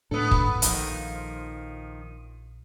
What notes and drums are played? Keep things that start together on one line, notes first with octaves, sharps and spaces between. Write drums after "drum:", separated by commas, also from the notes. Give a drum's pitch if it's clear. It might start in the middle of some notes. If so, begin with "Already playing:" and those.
A2 B3 D4 A4
drum: kick
A#1 D#3 F3, drum: hi-hat